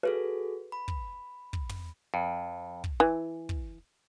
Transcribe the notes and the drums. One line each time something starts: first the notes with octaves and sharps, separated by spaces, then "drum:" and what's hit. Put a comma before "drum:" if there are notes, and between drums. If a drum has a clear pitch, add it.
F#4 G#4 A4 B4
B5
drum: kick
drum: kick
drum: tom
F2
drum: kick
E3
drum: kick